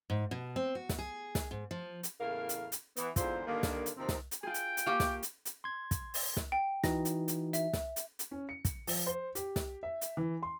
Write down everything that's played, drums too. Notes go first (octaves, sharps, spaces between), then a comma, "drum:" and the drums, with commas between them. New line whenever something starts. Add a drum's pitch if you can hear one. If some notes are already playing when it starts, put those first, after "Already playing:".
G#2
B2
C4
F#4
drum: snare
G#4
drum: snare
G#2
F3
drum: hi-hat
E2 A2 C#3 A#3 A#4 F5
drum: hi-hat
drum: hi-hat
E3 B3, drum: hi-hat
E2 G#2 D3 C4 F4 C5, drum: kick, hi-hat
G2 D3 D#3 A#3
drum: snare
drum: hi-hat
D#2 C3 F3 C4
drum: snare
drum: hi-hat
F4 G#4 G5
drum: hi-hat
drum: hi-hat
A#3 G4 F5 C#6 D6
drum: snare
drum: hi-hat
drum: hi-hat
C6 G#6
drum: kick, hi-hat
drum: open hi-hat
drum: snare
G5
E3 D#4 F#4 A#6, drum: snare
drum: hi-hat
drum: hi-hat
E5, drum: hi-hat
drum: snare
drum: hi-hat
drum: hi-hat
C#4
C#7
drum: kick, hi-hat
F3, drum: open hi-hat
C5
G4, drum: hi-hat
drum: snare
E5
drum: hi-hat
E3
C6